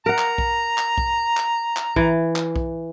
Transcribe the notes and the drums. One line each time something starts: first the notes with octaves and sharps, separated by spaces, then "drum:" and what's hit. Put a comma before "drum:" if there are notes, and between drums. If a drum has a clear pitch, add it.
A#4 F#5 A#5
drum: clap
drum: kick B1
drum: clap
drum: kick B1
drum: clap
drum: clap
E3, drum: kick B1
drum: clap
drum: kick B1